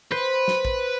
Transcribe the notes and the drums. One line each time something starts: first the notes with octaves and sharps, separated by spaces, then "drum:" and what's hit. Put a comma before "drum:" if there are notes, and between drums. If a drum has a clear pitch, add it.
B4 C5
drum: snare
drum: kick A#1